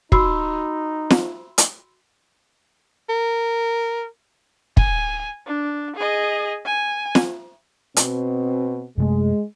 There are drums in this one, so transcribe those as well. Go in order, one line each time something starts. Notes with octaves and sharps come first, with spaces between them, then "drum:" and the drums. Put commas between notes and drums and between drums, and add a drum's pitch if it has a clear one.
D#4 F#4 B5 C6 E6, drum: kick
drum: snare
drum: hi-hat
A#4
G#5, drum: kick
D4
G#4 D#5
G#5
drum: snare
B2 C4, drum: hi-hat
F#2 C3 G#3 A3